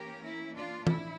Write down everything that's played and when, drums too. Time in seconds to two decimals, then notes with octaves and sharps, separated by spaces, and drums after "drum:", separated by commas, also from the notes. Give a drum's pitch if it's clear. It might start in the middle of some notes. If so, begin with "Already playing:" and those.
Already playing: E3 A#3 C#4 G4 A#4
0.23 E4
0.56 D4 F4
0.87 A2 F3 E4, drum: tom E3